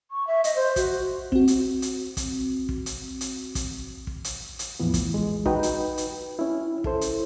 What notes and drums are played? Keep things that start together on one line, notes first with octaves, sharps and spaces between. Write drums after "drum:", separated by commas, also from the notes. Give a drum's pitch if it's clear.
C#6
E5
D#5, drum: hi-hat
C5
F#4, drum: kick, hi-hat
C4 F#4, drum: kick
drum: hi-hat
drum: hi-hat
drum: kick, hi-hat
drum: kick
drum: hi-hat
drum: hi-hat
drum: kick, hi-hat
drum: kick
drum: hi-hat
drum: hi-hat
E2 A2 E3 F3 B3
drum: kick, hi-hat
G#3
D#4 F#4 B4 G5, drum: kick
drum: hi-hat
drum: hi-hat
C#4 E4
E4 A4 C5, drum: kick
drum: hi-hat